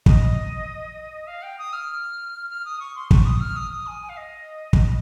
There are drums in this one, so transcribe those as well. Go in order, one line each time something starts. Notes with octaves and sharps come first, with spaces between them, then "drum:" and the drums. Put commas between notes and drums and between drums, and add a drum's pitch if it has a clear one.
D#5, drum: kick
F5
G5
D#6
F6
F6
D#6
C#6
C6
C#6, drum: kick
D#6
F6
D#6
D#6
G#5
G#5
F5
D#5
drum: kick